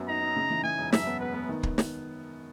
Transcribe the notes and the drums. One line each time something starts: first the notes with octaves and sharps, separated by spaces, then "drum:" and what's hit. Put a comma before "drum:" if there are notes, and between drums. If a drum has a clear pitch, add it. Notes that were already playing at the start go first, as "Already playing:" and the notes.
Already playing: F#2 F#3 B3
D#4 A#5
D#4
C#3
E3
E3 G#5
E1
F#2 E5, drum: snare
B3
B3 B4
B3
D#3
drum: kick
drum: snare